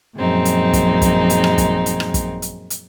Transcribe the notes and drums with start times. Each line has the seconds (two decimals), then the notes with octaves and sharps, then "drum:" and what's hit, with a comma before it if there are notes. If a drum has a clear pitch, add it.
0.17 F#2 A#2 F3 G#3 C4 D#4
0.45 drum: hi-hat
0.73 drum: kick, hi-hat
1.02 drum: kick, hi-hat
1.30 drum: hi-hat
1.44 drum: rim click
1.58 drum: kick, hi-hat
1.86 drum: hi-hat
2.00 drum: rim click
2.14 drum: kick, hi-hat
2.42 drum: hi-hat
2.70 drum: hi-hat